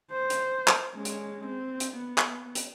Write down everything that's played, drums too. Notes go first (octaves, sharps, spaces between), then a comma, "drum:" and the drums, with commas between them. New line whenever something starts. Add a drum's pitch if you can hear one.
C5
drum: hi-hat
drum: clap
G#3 C#4
drum: hi-hat
C4
drum: hi-hat
B3
drum: clap
drum: hi-hat